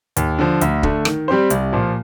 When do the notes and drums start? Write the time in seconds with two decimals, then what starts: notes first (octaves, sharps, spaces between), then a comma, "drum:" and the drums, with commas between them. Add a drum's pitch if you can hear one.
0.17 D#2, drum: hi-hat
0.39 D3 F3
0.61 D2, drum: hi-hat
0.83 D3 A3, drum: kick
1.05 D#3, drum: rim click
1.28 G3 C4 G4 C5
1.50 C2, drum: hi-hat
1.73 A#2 F3